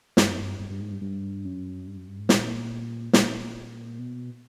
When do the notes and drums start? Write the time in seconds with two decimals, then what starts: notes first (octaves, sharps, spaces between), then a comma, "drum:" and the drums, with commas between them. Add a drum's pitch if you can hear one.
0.17 G2, drum: snare
0.31 F#2
0.38 G2
0.60 G2
0.70 G2
0.80 G#2
0.91 G2
1.01 G2
1.45 F#2
1.87 G2
1.97 F#2
2.07 G2
2.19 G#2
2.29 A#2, drum: snare
3.13 A#2, drum: snare
3.99 B2